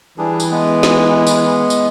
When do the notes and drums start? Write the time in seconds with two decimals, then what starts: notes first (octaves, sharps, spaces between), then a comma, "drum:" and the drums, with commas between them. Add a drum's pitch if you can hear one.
0.18 E3 G3 D4 G#4
0.40 drum: tambourine
0.51 G#3 B3
0.83 drum: snare
1.27 drum: tambourine
1.70 drum: tambourine